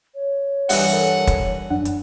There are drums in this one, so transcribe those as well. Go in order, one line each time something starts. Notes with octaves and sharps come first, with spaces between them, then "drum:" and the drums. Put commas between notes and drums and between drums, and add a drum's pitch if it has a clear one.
C#5
G2 E3 E5 F#5, drum: open hi-hat
A4 A#4 A5
drum: kick, hi-hat
F#2 D4 F#5
drum: hi-hat